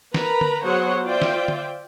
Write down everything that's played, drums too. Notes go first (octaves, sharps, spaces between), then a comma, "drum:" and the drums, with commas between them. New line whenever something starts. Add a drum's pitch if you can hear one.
A#4 B4 A#5 B5, drum: snare
drum: tom D3
F#3 B3 G#4 C5 C#5 F#5
F4 C5 D5 E5 G5
drum: snare
drum: tom D3